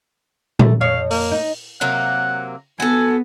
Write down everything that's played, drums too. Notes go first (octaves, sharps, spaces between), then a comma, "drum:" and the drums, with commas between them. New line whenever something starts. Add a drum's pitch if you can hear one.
A3, drum: tom A#2
F2 C#5 F5
A#3, drum: open hi-hat
D#4
C3 F#3 A#3 F#5
B3 F#4 A4 G#5